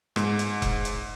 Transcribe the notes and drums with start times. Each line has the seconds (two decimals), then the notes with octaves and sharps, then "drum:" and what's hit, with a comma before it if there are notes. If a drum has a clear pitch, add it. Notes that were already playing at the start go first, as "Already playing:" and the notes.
0.16 G#2, drum: rim click
0.39 drum: hi-hat
0.62 drum: kick E1, hi-hat
0.85 drum: hi-hat